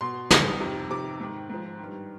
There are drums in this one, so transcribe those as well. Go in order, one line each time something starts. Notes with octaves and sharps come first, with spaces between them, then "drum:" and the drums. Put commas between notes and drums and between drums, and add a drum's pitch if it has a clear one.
B2 C6
G2 D#3 D#6, drum: snare
F2 C3 D#3
F2 C3 D#3 D6
G#2 D#3
G#2 F3
G2 D#3